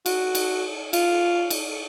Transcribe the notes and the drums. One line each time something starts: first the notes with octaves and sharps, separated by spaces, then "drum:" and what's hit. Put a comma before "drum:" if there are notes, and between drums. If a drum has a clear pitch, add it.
F#4, drum: cymbal
drum: cymbal
F4, drum: cymbal
drum: cymbal